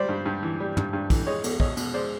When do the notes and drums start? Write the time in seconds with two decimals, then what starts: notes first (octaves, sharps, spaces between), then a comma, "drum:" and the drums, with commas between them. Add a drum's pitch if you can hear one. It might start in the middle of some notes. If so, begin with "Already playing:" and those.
Already playing: G3 C5 D5
0.09 G2
0.26 G2
0.43 E3
0.60 G3
0.77 G2, drum: tom
0.93 G2
1.10 E3, drum: kick, cymbal
1.27 G#3 C#5 D#5
1.44 E2, drum: cymbal
1.60 E2 C#5 D#5, drum: kick
1.77 B2, drum: cymbal
1.93 G#3 C5 D5